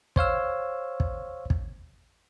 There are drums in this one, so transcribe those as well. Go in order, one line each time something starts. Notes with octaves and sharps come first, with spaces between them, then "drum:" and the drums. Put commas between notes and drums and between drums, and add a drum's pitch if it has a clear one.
C5 C#5 F5 E6, drum: kick
drum: kick
drum: kick